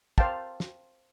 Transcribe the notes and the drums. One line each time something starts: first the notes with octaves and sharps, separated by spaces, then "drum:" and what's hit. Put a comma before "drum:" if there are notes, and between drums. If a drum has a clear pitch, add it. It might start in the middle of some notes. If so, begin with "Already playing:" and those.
C5 F5 G5 A5, drum: kick
drum: snare